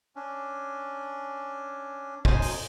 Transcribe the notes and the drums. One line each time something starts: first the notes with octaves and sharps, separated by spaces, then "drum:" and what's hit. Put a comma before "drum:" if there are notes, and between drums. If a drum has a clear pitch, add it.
C#4 D4
F#2 B2 D#4 C5 G#5, drum: kick
drum: open hi-hat